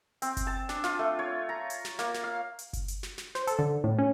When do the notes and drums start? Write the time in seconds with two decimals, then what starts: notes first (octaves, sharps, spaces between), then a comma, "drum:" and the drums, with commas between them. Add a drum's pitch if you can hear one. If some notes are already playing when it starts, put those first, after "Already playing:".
0.22 C4, drum: hi-hat
0.37 drum: kick F#1, hi-hat
0.47 A5
0.69 D4, drum: snare
0.84 F4, drum: snare
0.99 A3
1.19 C#5
1.49 A#5
1.70 drum: hi-hat
1.85 drum: snare
1.99 A#3, drum: snare
2.14 drum: snare
2.24 F5
2.59 drum: hi-hat
2.73 drum: kick F#1, hi-hat
2.88 drum: hi-hat
3.03 drum: snare
3.18 drum: snare
3.35 C5, drum: snare
3.47 A4, drum: hi-hat
3.59 D3
3.84 A2
3.99 C#4